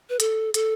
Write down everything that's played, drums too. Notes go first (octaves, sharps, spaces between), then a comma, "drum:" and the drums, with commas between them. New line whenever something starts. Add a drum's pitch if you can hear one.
B4
A4, drum: hi-hat
A4, drum: hi-hat